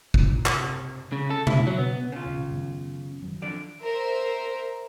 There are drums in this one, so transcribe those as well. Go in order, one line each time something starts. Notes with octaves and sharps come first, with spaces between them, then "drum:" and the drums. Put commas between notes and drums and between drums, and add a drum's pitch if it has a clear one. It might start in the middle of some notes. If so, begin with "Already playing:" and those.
A#2, drum: kick
C3, drum: clap
C#3
A4
E4, drum: tom B2
F#3
B3
C#3 F4
D#1
F#2 D#3 B3
D#3 F#3
F2 D3 D5
A#4 C5 E5